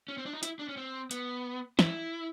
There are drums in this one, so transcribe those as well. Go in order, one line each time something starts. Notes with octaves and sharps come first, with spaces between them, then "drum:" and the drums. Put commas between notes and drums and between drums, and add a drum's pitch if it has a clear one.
C#4
C4
D4
D#4
E4, drum: hi-hat
D4
C#4
C4
B3, drum: hi-hat
E4, drum: snare